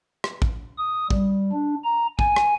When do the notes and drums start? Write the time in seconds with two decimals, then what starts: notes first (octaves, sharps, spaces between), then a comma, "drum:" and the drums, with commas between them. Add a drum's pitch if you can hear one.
0.24 drum: rim click
0.42 drum: kick
0.78 D#6
1.10 G3, drum: kick
1.53 D4
1.84 A#5
2.19 G#5, drum: kick
2.36 drum: rim click